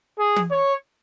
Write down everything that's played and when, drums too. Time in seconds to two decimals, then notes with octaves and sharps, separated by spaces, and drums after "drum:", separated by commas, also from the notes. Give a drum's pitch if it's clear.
0.19 G#4
0.36 drum: tom
0.51 C#5